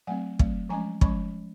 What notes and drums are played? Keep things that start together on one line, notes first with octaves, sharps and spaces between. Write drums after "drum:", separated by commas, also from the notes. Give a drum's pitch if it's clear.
F#3 A3 C4 F#5 G#5
F#3 A3 C4, drum: kick
F3 G#3 C#4 G#5 A#5
F3 G#3 C#4 B5 C#6, drum: kick